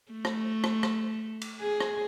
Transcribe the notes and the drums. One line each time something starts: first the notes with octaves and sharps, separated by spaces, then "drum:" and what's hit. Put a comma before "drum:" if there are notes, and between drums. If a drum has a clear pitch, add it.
A3
drum: rim click
drum: rim click
drum: rim click
drum: cymbal
G#4
drum: rim click